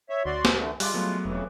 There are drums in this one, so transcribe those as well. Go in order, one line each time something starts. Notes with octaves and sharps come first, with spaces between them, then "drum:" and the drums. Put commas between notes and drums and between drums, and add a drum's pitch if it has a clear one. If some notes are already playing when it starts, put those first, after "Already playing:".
C#5 E5
D2 F#4 D5 C6
drum: snare
D3 E3 A3
G3 G#3 F4 D6 F#6, drum: open hi-hat
F#3 A3 B3
E1 F2 C#3 E3